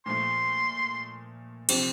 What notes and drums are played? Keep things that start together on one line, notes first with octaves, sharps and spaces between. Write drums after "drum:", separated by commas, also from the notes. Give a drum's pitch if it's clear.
A#2 F3 A3 C6
C3 F3 C4, drum: cymbal